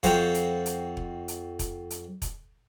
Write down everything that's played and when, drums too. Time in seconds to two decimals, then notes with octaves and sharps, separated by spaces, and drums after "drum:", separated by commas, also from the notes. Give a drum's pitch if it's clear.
0.03 F2 F#4 C5 F5 G5, drum: kick E1, hi-hat
0.34 drum: hi-hat
0.66 drum: hi-hat
0.97 drum: kick E1
1.28 drum: hi-hat
1.59 drum: kick E1, hi-hat
1.90 drum: hi-hat
2.22 drum: kick E1, hi-hat